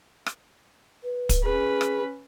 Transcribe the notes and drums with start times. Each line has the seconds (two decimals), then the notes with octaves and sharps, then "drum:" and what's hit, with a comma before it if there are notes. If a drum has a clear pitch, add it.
0.26 drum: rim click
1.04 B4
1.29 drum: kick, hi-hat
1.44 C#4 G#4 B4
1.81 drum: rim click